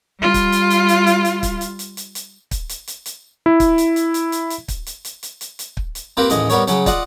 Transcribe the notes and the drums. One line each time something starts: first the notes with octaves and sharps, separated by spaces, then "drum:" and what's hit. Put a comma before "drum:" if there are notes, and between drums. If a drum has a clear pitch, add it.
G3 F4
drum: kick, hi-hat
drum: hi-hat
drum: hi-hat
drum: hi-hat
drum: hi-hat
drum: hi-hat
drum: kick, hi-hat
drum: hi-hat
drum: hi-hat
drum: hi-hat
drum: hi-hat
drum: kick, hi-hat
drum: hi-hat
drum: hi-hat
drum: hi-hat
E4
drum: kick, hi-hat
drum: hi-hat
drum: hi-hat
drum: hi-hat
drum: hi-hat
drum: hi-hat
drum: kick, hi-hat
drum: hi-hat
drum: hi-hat
drum: hi-hat
drum: hi-hat
drum: hi-hat
drum: kick
drum: hi-hat
A#3 C4 F4 G4 A#4 B4
A1 D#2 G#3 D#5, drum: hi-hat
G3 B3 A#4 C#5, drum: hi-hat
C#3 F#3 C#4, drum: hi-hat
F4 D5 D#5 F#5, drum: kick, hi-hat